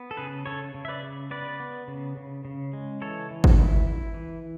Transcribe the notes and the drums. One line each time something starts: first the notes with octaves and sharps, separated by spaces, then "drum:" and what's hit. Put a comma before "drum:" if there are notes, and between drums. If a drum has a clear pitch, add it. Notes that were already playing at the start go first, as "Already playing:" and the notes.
Already playing: B3
A4
C#3 G#4 B4
C#3 A4 C#5
C#3
E5
B4 D5
C#3
B3 B4 D5
B3
C#3
C#3
C#3
G#3
E3 A4 C#5
E3
drum: kick
E4
E4
E3